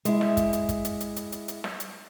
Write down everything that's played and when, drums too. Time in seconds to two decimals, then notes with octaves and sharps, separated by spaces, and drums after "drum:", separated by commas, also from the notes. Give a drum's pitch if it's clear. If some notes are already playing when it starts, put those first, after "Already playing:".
0.05 G#3 E4, drum: hi-hat
0.21 drum: snare
0.37 drum: kick, hi-hat
0.53 drum: hi-hat
0.69 drum: kick, hi-hat
0.85 drum: hi-hat
1.00 drum: hi-hat
1.16 drum: hi-hat
1.32 drum: hi-hat
1.48 drum: hi-hat
1.64 drum: snare
1.80 drum: hi-hat